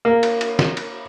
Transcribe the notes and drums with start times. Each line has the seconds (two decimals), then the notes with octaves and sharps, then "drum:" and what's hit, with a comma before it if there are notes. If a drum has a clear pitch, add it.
0.05 A#3
0.23 drum: cymbal
0.41 drum: cymbal
0.59 drum: snare
0.77 drum: cymbal